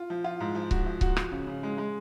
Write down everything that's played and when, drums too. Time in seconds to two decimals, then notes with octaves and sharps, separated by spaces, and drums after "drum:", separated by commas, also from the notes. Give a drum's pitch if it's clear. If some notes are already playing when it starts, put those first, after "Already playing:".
Already playing: F4
0.10 F3
0.24 F4
0.40 G#2
0.55 F3
0.71 F#4, drum: kick C#1
0.86 F3
1.01 F#4, drum: kick C#1
1.17 F3, drum: rim click
1.32 C#3
1.47 C#3
1.63 G#3
1.78 G#3